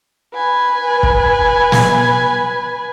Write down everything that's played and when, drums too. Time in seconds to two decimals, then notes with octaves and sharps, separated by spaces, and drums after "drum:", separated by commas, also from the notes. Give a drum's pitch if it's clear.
0.34 B4 G#5
1.03 drum: kick
1.72 drum: snare